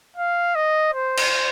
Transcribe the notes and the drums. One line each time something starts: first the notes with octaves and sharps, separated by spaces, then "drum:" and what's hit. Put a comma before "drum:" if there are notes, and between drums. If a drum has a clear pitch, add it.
F5
D#5
C5
drum: cymbal